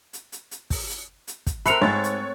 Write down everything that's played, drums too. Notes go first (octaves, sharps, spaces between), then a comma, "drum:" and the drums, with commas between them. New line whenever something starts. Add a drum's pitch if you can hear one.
drum: hi-hat
drum: hi-hat
drum: hi-hat
drum: kick, open hi-hat
drum: hi-hat
drum: hi-hat
drum: kick, hi-hat
A3 C4 A#4 B5 F#6 C7 C#7 F7, drum: hi-hat
G#2 C#5 A6
drum: hi-hat